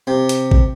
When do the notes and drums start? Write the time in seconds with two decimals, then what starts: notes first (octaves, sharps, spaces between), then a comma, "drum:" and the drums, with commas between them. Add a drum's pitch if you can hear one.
0.07 C3
0.29 drum: hi-hat
0.51 drum: kick A1